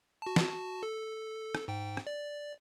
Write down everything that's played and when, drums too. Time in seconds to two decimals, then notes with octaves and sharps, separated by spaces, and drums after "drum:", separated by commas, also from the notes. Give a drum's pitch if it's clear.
0.22 F#4 A5
0.36 drum: snare
0.83 A4
1.55 drum: rim click
1.68 G#2 G5
1.97 drum: rim click
2.07 D5